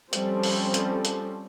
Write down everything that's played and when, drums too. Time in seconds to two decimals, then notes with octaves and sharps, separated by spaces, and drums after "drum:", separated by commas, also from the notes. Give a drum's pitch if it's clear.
0.13 F3 G3 C4 C#4 A4 C5, drum: hi-hat
0.43 drum: open hi-hat
0.74 drum: hi-hat
1.05 drum: hi-hat